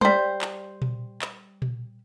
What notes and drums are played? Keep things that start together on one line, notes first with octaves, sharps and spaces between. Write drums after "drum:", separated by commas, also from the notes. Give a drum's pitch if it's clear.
G3 C5, drum: tom G3
drum: clap
drum: tom A#2
drum: clap
drum: tom A#2